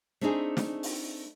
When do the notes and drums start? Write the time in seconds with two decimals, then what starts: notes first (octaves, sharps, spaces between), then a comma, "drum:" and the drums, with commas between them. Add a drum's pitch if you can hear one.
0.21 A3 C4 D4 D#4 G#4
0.57 drum: snare
0.83 drum: open hi-hat